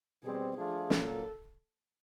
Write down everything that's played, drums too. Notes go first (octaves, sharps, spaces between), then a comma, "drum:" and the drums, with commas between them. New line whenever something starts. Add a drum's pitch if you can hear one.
B2 G3 C4 G#4
F3 A3 D4 F4 G#4
A#2 F#3 A#3 A4, drum: snare